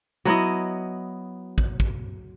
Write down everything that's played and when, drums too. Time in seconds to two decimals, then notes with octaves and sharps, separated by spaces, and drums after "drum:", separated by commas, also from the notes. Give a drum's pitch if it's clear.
0.25 F#3 B3 E4 D#5
1.58 drum: kick
1.80 drum: kick